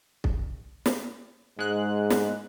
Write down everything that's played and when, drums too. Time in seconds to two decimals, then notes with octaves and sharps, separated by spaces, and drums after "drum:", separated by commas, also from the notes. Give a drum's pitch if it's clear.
0.24 drum: kick
0.86 drum: snare
1.59 G#2 G#3 F#6
2.10 drum: snare